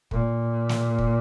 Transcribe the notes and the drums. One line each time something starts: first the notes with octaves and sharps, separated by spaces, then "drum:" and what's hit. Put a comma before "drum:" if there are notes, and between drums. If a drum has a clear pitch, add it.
A#2, drum: kick
drum: snare
drum: kick